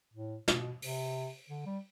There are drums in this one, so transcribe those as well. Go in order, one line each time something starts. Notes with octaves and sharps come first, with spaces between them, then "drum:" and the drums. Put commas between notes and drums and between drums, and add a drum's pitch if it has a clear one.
A2
B2, drum: snare
C3, drum: open hi-hat
D3
G3